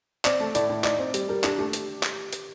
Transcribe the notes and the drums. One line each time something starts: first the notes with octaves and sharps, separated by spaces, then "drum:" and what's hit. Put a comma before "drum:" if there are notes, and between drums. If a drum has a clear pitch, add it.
C4 D5, drum: clap
A3
A2 D5, drum: hi-hat
A2
D#4 D5, drum: clap
C4
G3, drum: hi-hat
G3 A#4
D4 G4, drum: clap
A3 G4
drum: hi-hat
drum: clap
drum: hi-hat